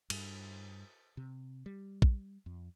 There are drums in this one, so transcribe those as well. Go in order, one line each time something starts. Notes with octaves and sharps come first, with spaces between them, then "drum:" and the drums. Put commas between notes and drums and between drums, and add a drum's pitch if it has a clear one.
G2, drum: cymbal
C3
G3
drum: kick A#1
F2